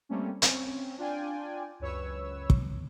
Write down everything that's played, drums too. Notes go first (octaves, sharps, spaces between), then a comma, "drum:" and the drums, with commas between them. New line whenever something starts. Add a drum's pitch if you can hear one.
G3 A3 A#3 C4 C#4
C4 C#4, drum: hi-hat
D4 F4 D5 G5 G#5
C#2 F#2 B4 C#5 E6
drum: kick